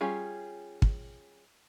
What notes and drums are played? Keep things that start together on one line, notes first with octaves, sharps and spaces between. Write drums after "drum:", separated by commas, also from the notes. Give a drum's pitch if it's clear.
G3 C#4 F4 G#4
drum: kick